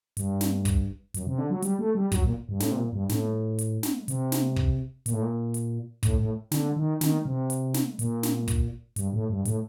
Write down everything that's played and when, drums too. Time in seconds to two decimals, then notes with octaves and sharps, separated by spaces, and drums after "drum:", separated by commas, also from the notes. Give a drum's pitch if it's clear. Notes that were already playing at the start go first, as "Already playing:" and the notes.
0.17 G2, drum: hi-hat
0.41 drum: snare
0.65 drum: kick, hi-hat
1.14 F#2, drum: hi-hat
1.27 C3
1.38 D3
1.50 F#3
1.62 G3, drum: hi-hat
1.79 A3
1.95 G3
2.12 F#3, drum: kick, hi-hat
2.24 A#2
2.49 G2
2.60 A2, drum: snare
2.71 C3
2.76 A#2
2.93 G2
3.09 A2, drum: snare
3.59 drum: hi-hat
3.83 drum: snare
4.08 C3, drum: hi-hat
4.32 drum: snare
4.56 drum: kick
5.06 A#2, drum: hi-hat
5.13 A2
5.22 A#2
5.54 drum: hi-hat
6.03 A2, drum: kick, hi-hat
6.19 A2
6.52 D3, drum: snare
6.77 D#3
7.01 D#3, drum: snare
7.25 C3
7.50 drum: hi-hat
7.74 drum: snare
7.99 A#2, drum: hi-hat
8.23 drum: snare
8.48 drum: kick, hi-hat
8.96 G2, drum: hi-hat
9.13 A2
9.30 G2
9.45 A2, drum: hi-hat